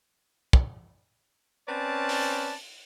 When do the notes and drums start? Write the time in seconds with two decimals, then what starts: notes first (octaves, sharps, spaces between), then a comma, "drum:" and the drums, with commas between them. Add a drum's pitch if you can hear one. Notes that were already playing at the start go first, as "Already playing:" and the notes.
0.53 drum: kick
1.68 C4 C#4 B4 D5 A5
2.09 drum: open hi-hat